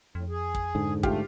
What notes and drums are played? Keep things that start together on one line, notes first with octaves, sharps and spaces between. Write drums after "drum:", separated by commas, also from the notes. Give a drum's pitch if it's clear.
F2 A2
G#4
drum: kick
G#2 D3
A3 F4 G4, drum: kick